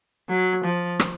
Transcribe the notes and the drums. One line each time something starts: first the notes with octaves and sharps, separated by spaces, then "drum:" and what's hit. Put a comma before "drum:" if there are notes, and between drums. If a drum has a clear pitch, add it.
F#3
F3
drum: rim click